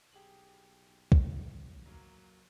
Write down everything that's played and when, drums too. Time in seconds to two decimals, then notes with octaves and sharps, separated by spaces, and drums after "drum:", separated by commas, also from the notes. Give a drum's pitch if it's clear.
0.12 B1 G4 G#4 F#7
1.12 drum: kick B1
1.86 F#3 A#3 A#4